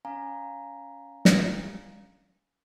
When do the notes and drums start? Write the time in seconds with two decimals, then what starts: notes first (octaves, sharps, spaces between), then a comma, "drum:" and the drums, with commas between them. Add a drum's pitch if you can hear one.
0.05 C#4 F5 G#5 A#5
1.25 drum: snare